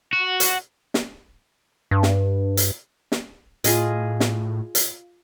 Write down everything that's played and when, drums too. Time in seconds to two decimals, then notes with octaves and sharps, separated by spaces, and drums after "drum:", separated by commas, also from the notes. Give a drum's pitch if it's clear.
0.13 F#4
0.40 drum: hi-hat
0.94 drum: snare
1.91 G2
2.03 drum: snare
2.57 drum: hi-hat
3.12 drum: snare
3.64 A2 F4 G#4 D#5, drum: hi-hat
4.20 drum: snare
4.75 drum: hi-hat